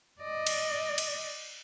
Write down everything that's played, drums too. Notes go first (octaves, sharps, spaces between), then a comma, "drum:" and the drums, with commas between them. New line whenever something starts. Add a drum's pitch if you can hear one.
D5 D#5
drum: cymbal
drum: cymbal